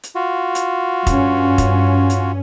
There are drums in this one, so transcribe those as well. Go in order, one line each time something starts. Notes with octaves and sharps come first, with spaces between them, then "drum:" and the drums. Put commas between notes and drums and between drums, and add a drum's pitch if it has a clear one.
drum: hi-hat
F4 F#4
drum: hi-hat
G2 C#4, drum: kick F1, hi-hat
drum: kick F1, hi-hat
drum: hi-hat